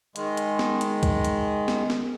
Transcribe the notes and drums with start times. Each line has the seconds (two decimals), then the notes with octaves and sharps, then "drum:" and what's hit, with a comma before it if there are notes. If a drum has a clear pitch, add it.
0.16 D#3 G#3, drum: hi-hat
0.37 drum: hi-hat
0.59 drum: snare
0.81 drum: hi-hat
1.03 drum: kick C#2, hi-hat
1.25 drum: hi-hat
1.68 drum: snare
1.90 drum: snare